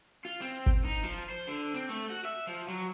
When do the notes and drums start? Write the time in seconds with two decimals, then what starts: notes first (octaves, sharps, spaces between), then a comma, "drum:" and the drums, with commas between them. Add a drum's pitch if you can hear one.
0.25 F4
0.41 C4
0.66 drum: kick
0.85 D#4
1.04 F3, drum: hi-hat
1.30 C5
1.48 D3
1.74 C4
1.89 A3
2.10 F#4
2.25 E5
2.47 F3
2.68 F#3